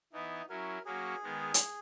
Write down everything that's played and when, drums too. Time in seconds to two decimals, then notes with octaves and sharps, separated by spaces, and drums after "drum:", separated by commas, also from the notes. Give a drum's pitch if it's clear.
0.13 E3 B3 D#4 E4
0.49 F#3 C#4 E4 A#4
0.85 F#3 A#3 C#4 F#4 G#4
1.22 D#3 G#3 B3
1.54 drum: hi-hat